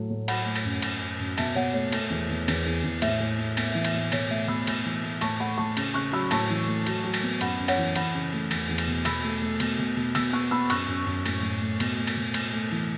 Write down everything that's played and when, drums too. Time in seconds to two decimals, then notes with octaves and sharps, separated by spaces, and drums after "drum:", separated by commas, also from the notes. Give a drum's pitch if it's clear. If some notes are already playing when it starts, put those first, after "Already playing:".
Already playing: A2 F#3 A3
0.10 A2
0.28 F#3 F#5 B5, drum: cymbal
0.46 A3
0.55 drum: cymbal
0.65 F#2
0.82 F#2, drum: cymbal
1.02 F#2
1.19 F#2
1.38 B2 E5 A5, drum: cymbal
1.55 B2 C#5 F#5
1.74 A3 C#5
1.92 A3, drum: cymbal
2.10 E2
2.29 E2
2.48 E2, drum: cymbal
2.66 E2
2.84 E2
3.02 A2 E5, drum: cymbal
3.20 A2
3.38 A3
3.57 B3, drum: cymbal
3.75 E3
3.84 drum: cymbal
3.94 A2
4.12 B2 C#5, drum: cymbal
4.30 A3 E5
4.48 B2 B5 E6
4.67 A2, drum: cymbal
4.85 E3
5.03 A3
5.21 A2 A5 C#6, drum: cymbal
5.40 A3 F#5 B5
5.58 A2 A5 C#6
5.77 C#3, drum: cymbal
5.94 C#3 C#6 F#6
6.13 F#3 B5 E6
6.31 A2 A5 C#6, drum: cymbal
6.50 E3
6.67 A3
6.86 F#3, drum: cymbal
7.04 F#3
7.14 drum: cymbal
7.23 B3
7.41 F#2 F#5 B5, drum: cymbal
7.60 F#2
7.68 C#5 F#5, drum: cymbal
7.78 E3
7.95 E3 F#5 B5, drum: cymbal
8.14 C#3
8.33 A3
8.51 E2, drum: cymbal
8.69 E2
8.78 drum: cymbal
8.87 B2
9.05 B2 B5 E6, drum: cymbal
9.24 A3
9.42 A3
9.60 B2, drum: cymbal
9.79 B2
9.97 B2
10.15 B2 E6 A6, drum: cymbal
10.33 B3 C#6 F#6
10.51 B3 B5 E6
10.70 F#2 C#6 F#6, drum: cymbal
10.88 F#2
11.06 F#2
11.25 A2, drum: cymbal
11.43 A2
11.61 A3
11.80 B2, drum: cymbal
11.98 A3
12.07 drum: cymbal
12.17 B2
12.34 A2, drum: cymbal
12.53 A3
12.71 E3